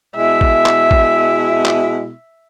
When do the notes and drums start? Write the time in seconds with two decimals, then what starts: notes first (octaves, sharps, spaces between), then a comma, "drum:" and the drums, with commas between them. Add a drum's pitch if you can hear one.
0.16 B2 G#3 E4 E5
0.41 drum: kick A1
0.66 drum: clap
0.91 drum: kick A1
1.66 drum: clap